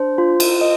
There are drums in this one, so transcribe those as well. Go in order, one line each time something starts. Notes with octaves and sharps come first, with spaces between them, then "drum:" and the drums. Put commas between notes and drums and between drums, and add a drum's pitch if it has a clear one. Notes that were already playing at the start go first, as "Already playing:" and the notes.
Already playing: D4 C5
F4
drum: cymbal
D#5